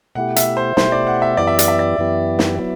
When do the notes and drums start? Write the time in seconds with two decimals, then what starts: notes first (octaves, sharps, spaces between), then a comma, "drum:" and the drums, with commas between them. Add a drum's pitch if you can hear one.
0.15 B2 A3 E4 G4 F#5
0.36 E5, drum: hi-hat
0.57 C5
0.77 B2 A3 E4 G4 C5, drum: snare
0.92 D5
1.07 F#5
1.22 E5
1.37 F#2 E3 B3 E4 G4 D5
1.47 E5
1.59 D5, drum: hi-hat
1.68 E5
1.79 D5
1.98 F#2 E3 B3 E4 G4
2.39 drum: snare
2.59 F#3 B3 E4